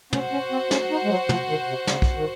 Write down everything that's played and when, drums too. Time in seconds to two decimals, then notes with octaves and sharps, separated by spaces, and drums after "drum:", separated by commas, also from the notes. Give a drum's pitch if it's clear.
0.13 C#4 F#4 C5 F#5, drum: tom
0.32 C#4
0.52 C4
0.71 C#4, drum: snare
0.90 D#4
1.04 G#3
1.09 F#3
1.29 F3, drum: tom
1.49 D#3
1.68 C3
1.87 C#3, drum: snare
2.02 drum: kick B1
2.16 D#3